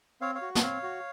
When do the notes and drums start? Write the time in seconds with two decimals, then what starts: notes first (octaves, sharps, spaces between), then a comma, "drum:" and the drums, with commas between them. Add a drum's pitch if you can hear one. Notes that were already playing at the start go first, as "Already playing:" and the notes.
0.21 C4 C#5 F5
0.35 C#5 F5
0.42 F#4
0.55 F#5, drum: snare
0.62 C4 C#5 F5
0.83 F#4